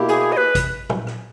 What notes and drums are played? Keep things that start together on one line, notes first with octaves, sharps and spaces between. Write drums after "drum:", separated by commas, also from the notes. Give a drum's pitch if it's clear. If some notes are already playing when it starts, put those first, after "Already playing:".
Already playing: B2 A#3 E4 G4
G#4
D#5
B4
drum: kick, hi-hat
drum: tom
drum: rim click